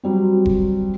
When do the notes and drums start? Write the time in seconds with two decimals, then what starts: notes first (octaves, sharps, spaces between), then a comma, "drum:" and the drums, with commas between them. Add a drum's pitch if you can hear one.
0.03 F#3 G3 C4
0.46 drum: kick E1